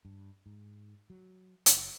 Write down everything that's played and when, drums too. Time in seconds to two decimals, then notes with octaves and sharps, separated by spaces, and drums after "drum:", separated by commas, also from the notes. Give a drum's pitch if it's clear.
0.05 G2
0.46 G#2
1.10 F#3
1.66 F#1, drum: hi-hat